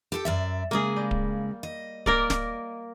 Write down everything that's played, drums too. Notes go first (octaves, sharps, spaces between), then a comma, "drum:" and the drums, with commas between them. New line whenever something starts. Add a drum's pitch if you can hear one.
G4 A4 G5
F#2 D5 E5
C#3 G#3 A#3 G#4
G3
drum: kick D1
D#5
A#3 A#4 D5, drum: kick D1
drum: snare